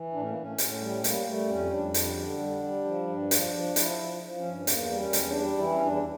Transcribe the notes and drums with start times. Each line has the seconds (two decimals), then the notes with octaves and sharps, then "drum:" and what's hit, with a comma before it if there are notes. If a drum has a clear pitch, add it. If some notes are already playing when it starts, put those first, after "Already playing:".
Already playing: E3
0.13 A2 D4
0.21 C#4
0.29 A#3
0.36 A2 C#4
0.58 A2, drum: hi-hat
0.80 G3
1.04 G3 A#3, drum: hi-hat
1.26 G3 A3
1.49 F2 C#4
1.71 F2 D4
1.94 G3, drum: hi-hat
2.17 D3
2.40 G3
2.63 G3
2.85 F3
3.08 G2
3.31 F3, drum: hi-hat
3.54 F3
3.76 F3 E4, drum: hi-hat
3.99 F3
4.22 F3
4.37 C#4
4.45 G2
4.67 E2 A#3, drum: hi-hat
4.90 G3
4.98 C#4
5.13 E2, drum: hi-hat
5.28 D4
5.36 G3
5.58 E3 E4
5.73 C#4
5.81 E2 D4